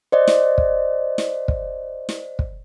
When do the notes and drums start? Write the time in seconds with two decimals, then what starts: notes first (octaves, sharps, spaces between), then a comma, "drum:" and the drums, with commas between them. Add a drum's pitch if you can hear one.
0.12 C5 D5 D#5
0.27 drum: snare
0.58 drum: kick
1.18 drum: snare
1.48 drum: kick
2.09 drum: snare
2.39 drum: kick